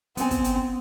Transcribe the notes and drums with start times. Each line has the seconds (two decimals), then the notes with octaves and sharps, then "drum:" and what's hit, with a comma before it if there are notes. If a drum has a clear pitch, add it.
0.17 B3 C4 G#5, drum: hi-hat
0.31 drum: kick, hi-hat
0.44 drum: hi-hat